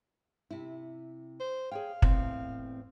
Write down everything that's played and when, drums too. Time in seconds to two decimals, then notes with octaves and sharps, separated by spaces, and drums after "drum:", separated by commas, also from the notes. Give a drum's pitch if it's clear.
0.51 C3 E4
1.40 C5
1.71 G#4 C#5 F5 G5
2.02 E2 A2 C4, drum: kick